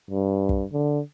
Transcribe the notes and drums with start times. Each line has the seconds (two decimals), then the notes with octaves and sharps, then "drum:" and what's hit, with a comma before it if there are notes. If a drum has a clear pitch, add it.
0.11 G2
0.49 drum: kick
0.73 D3